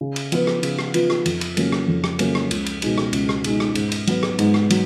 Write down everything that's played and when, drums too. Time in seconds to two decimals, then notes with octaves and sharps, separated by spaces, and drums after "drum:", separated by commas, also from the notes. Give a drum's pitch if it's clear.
0.01 C#3
0.16 drum: cymbal
0.32 F3 B3 F4 B4, drum: cymbal
0.47 drum: rim click
0.63 C#3, drum: cymbal
0.79 drum: rim click
0.94 F3 B3 F4 B4, drum: cymbal
1.10 drum: rim click
1.26 F2, drum: cymbal
1.41 drum: cymbal
1.57 C#3 F#3 A#3 C#4, drum: cymbal
1.72 drum: rim click
1.88 F2
2.04 drum: rim click
2.19 C#3 F#3 A#3 C#4, drum: cymbal
2.35 drum: rim click
2.51 C#2, drum: cymbal
2.66 drum: cymbal
2.82 B2 G#3 D#4, drum: cymbal
2.98 drum: rim click
3.13 C#2, drum: cymbal
3.29 drum: rim click
3.44 B2 G#3 D#4, drum: cymbal
3.60 drum: rim click
3.75 G#2, drum: cymbal
3.92 drum: cymbal
4.07 F#3 B3, drum: cymbal
4.23 drum: rim click
4.39 G#2, drum: cymbal
4.54 drum: rim click
4.70 F#3, drum: cymbal